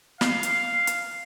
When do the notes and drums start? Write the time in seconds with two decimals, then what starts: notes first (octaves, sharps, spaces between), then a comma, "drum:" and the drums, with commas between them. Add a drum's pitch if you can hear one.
0.21 F5, drum: snare
0.43 drum: hi-hat
0.87 drum: hi-hat